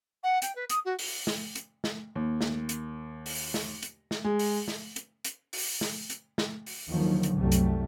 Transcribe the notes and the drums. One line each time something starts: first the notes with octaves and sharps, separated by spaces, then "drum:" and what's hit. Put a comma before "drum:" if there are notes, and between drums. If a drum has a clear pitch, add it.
F#5
G5, drum: hi-hat
B4
D#6, drum: hi-hat
F#4
drum: open hi-hat
drum: snare
drum: hi-hat
drum: snare
D#2
drum: snare
drum: hi-hat
drum: open hi-hat
drum: snare
drum: hi-hat
drum: snare
G#3
drum: open hi-hat
drum: snare
drum: hi-hat
drum: hi-hat
drum: open hi-hat
drum: snare
drum: hi-hat
drum: snare
drum: open hi-hat
D#2 D3 D#3 F3 F#3
drum: hi-hat
C2 F#2 C3 F#3 G3 A3
drum: hi-hat